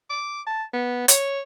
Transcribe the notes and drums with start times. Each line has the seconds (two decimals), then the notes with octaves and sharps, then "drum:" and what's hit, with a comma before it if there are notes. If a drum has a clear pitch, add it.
0.10 D6
0.47 A5
0.73 B3
1.08 C#5, drum: hi-hat